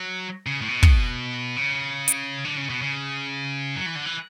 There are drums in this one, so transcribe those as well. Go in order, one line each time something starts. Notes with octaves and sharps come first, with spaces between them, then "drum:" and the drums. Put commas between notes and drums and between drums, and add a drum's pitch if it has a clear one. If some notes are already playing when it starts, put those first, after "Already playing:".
Already playing: F#3
C#3
A2
B2
drum: kick
C#3
drum: hi-hat
D3
C#3
B2
C#3
F#3
E3
D3
E3